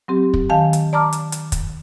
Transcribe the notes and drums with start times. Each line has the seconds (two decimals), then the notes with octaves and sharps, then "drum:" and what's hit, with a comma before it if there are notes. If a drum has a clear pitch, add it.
0.08 F#3 C4 G4
0.34 drum: kick
0.49 D#3 F5 G#5 A5
0.73 drum: hi-hat
0.93 D5 A5 A#5 D6 F6
1.13 drum: hi-hat
1.32 drum: hi-hat
1.52 drum: kick, hi-hat